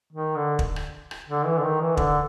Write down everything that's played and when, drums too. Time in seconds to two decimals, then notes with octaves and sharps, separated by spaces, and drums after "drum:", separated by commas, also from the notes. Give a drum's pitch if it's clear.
0.12 D#3
0.36 D3
0.59 drum: kick
0.76 drum: rim click
1.11 drum: rim click
1.28 D3
1.46 E3
1.58 D3
1.63 D#3
1.81 E3
1.97 D3, drum: kick